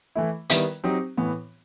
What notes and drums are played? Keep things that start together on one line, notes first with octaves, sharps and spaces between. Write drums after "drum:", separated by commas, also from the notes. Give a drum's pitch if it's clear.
E3 A3 E4
D#3 G3 B3 E4 B4, drum: hi-hat
F#3 C4 D#4 G4
A2 E3 B3